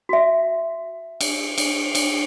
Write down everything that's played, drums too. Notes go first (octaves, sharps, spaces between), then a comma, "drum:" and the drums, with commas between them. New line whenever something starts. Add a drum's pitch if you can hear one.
F#4 E5
drum: cymbal
drum: cymbal
drum: cymbal